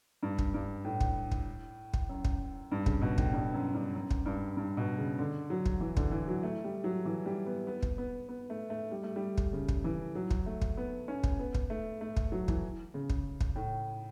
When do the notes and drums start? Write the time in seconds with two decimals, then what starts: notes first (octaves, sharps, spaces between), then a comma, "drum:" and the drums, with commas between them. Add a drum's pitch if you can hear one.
0.23 G2
0.39 drum: kick
0.54 G2
0.85 A2
1.01 drum: kick
1.32 drum: kick
1.94 drum: kick
2.09 F#2
2.25 drum: kick
2.72 G2
2.86 C#3, drum: kick
3.01 B2
3.18 A2, drum: kick
3.33 G2
3.54 F#2
3.74 G2
3.95 F#2
4.11 drum: kick
4.26 G2
4.57 G2
4.77 B2
4.98 C#3
5.19 D3
5.50 F#3
5.66 drum: kick
5.80 E3
5.97 D3, drum: kick
6.11 E3
6.28 F#3
6.43 A3
6.64 G3
6.84 F#3
7.05 E3
7.26 G3
7.46 B3
7.67 B3
7.83 drum: kick
7.98 B3
8.29 B3
8.50 A3
8.70 A3
8.91 G3
9.03 A3
9.16 G3
9.38 drum: kick
9.53 C#3
9.69 drum: kick
9.84 E3
10.15 F#3
10.31 drum: kick
10.46 A3
10.62 drum: kick
10.77 B3
11.08 C#4
11.24 drum: kick
11.39 B3
11.55 drum: kick
11.70 A3
12.01 A3
12.17 drum: kick
12.32 F#3
12.48 E3, drum: kick
12.94 C#3
13.10 drum: kick
13.41 drum: kick
13.56 A2